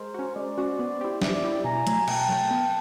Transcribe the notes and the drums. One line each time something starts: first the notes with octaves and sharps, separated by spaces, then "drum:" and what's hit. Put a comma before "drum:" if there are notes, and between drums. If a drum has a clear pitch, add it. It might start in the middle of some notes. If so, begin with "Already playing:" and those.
Already playing: G#3 A#4 C5
C#4 F#4
G#3 C5 D5
C#4 F#4
B3
E4 G4
B3 D5 E5, drum: snare
E4 G4
B2 G#5 A#5
F#3 A3, drum: hi-hat
B2 G5 A5, drum: cymbal
F#3 A3
B3